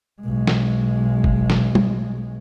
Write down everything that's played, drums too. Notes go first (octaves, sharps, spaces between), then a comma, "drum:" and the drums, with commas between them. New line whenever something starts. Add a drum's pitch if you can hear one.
B1 G#3
drum: snare
drum: kick G1
drum: snare
drum: tom